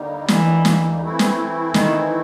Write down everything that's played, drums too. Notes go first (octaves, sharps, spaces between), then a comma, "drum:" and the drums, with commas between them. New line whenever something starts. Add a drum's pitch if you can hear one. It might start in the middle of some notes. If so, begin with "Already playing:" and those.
Already playing: D#2 D3 G3 A#3 D#4
E3, drum: snare
drum: snare
E3 A3 C4 E4
drum: snare
D#3, drum: snare